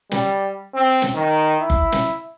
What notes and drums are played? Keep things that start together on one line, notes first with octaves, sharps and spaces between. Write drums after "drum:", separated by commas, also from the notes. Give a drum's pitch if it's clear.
G3, drum: snare
C4
drum: snare
D#3
E4
drum: kick F#1
drum: snare